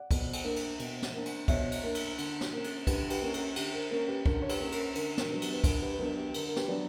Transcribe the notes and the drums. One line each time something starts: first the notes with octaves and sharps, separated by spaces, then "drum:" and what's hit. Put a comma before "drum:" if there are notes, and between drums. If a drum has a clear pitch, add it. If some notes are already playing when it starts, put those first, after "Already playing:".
Already playing: D5 F#5
B2, drum: kick, cymbal
drum: cymbal
A#3 D4
drum: cymbal
B2, drum: cymbal
drum: snare
A#3 D4
drum: cymbal
B2 C#5 E5, drum: kick, cymbal
drum: cymbal
A#3 D4
drum: cymbal
D3, drum: cymbal
drum: snare
A#3 C#4
drum: cymbal
D3 G4 B4, drum: kick, cymbal
G4 B4, drum: cymbal
A#3 C#4
A#4, drum: cymbal
D3 G4, drum: cymbal
A#4
A#3 C#4 A#4
G4 B4
D3 A#4, drum: kick
C#5
G4 B4, drum: cymbal
A#3 C#4
A#4, drum: cymbal
D3 A#4, drum: cymbal
A#4, drum: snare
F#3 B3 D4
G4, drum: cymbal
B4
D3 A#4, drum: kick, cymbal
G4 B4
B4
F#3 B3 D4 A#4
G4
G4
D3 A#4, drum: cymbal
A#4
G4 B4, drum: snare
F#3 B3 D4 D5